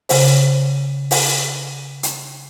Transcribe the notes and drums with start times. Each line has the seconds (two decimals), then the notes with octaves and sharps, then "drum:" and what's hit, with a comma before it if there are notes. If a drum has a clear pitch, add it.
0.09 C#3 C5, drum: open hi-hat
1.11 drum: open hi-hat
2.03 drum: hi-hat